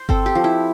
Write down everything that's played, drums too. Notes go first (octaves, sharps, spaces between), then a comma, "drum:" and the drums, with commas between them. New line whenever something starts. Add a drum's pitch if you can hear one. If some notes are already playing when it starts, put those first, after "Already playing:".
Already playing: C5
C4 A4, drum: kick G1
G4
F3
E4